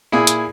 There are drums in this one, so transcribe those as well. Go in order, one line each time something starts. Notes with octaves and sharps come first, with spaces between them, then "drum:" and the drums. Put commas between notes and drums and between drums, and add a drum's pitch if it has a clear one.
A#2 E4 G#4
drum: hi-hat